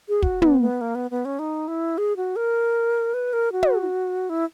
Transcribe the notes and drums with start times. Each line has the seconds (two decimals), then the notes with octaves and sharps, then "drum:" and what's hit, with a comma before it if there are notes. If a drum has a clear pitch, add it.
0.09 G#4
0.22 F#4, drum: kick
0.42 B3, drum: tom
0.61 B3
0.81 A#3
0.95 B3
1.11 B3
1.25 C#4
1.39 D#4
1.68 E4
1.98 G#4
2.17 F#4
2.36 A#4
3.14 B4
3.33 A#4
3.52 F#4
3.63 drum: tom
4.29 E4